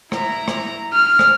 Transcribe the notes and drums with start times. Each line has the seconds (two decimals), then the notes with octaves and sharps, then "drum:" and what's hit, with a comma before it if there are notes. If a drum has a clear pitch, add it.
0.12 E4 A#5, drum: rim click
0.48 drum: rim click
0.93 F6
1.19 drum: rim click